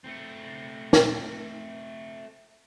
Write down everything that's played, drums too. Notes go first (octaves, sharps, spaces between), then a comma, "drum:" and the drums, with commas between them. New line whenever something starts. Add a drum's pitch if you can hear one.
A3 C4
drum: snare